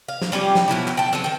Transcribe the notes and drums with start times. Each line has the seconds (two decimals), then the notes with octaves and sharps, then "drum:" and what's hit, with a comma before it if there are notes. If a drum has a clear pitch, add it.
0.08 F5
0.22 drum: snare
0.32 G3 C#4 F4 G4
0.55 drum: snare
0.68 B2 F3 F#3 E4
0.87 drum: clap
0.97 G5 A5
1.13 F3 A3 C4
1.24 D#3 G5